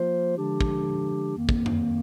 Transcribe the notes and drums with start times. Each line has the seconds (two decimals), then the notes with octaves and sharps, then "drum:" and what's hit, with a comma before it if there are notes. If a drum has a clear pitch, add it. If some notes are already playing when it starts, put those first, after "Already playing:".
Already playing: F3 A#3 F4 C5
0.37 D3 F3 G#3 D4 G4
0.61 drum: kick
1.37 F2 D#3 A#3
1.49 drum: kick
1.66 drum: tom F#2